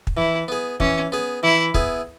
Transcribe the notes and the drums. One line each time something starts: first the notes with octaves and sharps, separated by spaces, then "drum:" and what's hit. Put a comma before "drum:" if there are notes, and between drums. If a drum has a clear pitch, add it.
drum: kick
E3 E4
B3 G#4
E3 C#4, drum: kick
B3 G#4
E3 E4
B3 E4 G#4, drum: kick